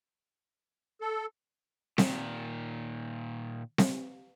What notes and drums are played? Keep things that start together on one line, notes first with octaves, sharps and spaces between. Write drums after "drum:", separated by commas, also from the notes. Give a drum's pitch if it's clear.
A4
A#2 D#3, drum: snare C4
drum: snare C4